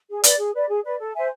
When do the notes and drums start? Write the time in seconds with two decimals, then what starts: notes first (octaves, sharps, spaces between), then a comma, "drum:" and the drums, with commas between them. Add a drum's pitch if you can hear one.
0.09 G#4
0.24 B4 D5, drum: hi-hat
0.38 G#4
0.54 B4 D5
0.68 G#4
0.85 B4 D5
1.00 A4
1.15 C5 E5 G#5